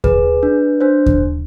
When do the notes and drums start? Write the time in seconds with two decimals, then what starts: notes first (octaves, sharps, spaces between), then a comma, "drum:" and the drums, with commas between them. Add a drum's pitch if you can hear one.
0.04 G#4 B4, drum: kick D#2
0.43 D4
0.81 D4 C5
1.06 drum: kick D#2